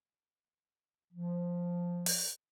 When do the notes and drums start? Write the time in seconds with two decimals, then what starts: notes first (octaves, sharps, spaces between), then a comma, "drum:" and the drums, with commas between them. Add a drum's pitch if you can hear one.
1.13 F3
2.06 drum: open hi-hat